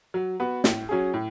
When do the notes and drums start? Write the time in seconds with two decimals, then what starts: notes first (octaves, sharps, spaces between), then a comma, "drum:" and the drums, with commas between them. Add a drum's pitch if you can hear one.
0.14 F#3
0.40 B3 F#4 B4
0.64 A2, drum: snare
0.89 F#3 C#4 G#4
1.14 A2